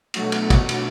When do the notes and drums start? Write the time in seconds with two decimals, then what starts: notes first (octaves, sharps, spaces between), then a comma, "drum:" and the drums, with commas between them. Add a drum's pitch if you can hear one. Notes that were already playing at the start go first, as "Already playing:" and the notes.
0.14 B2 F#3 A3 F#4, drum: cymbal
0.32 drum: cymbal
0.50 drum: kick, cymbal
0.69 drum: cymbal